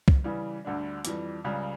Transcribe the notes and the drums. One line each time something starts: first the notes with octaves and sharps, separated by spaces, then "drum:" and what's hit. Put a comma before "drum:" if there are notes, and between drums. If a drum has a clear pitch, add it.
drum: kick C2
C#3 E3 G3
D2 D3 G3 D4
F2 E3 G3, drum: hi-hat
C#2 C#3 G3